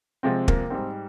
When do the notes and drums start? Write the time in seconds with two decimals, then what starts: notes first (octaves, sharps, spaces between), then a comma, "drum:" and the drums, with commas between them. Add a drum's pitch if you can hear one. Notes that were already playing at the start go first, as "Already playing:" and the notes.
0.23 C3 F3 G#3 C4
0.48 A#3, drum: kick
0.70 G#2 G3 C4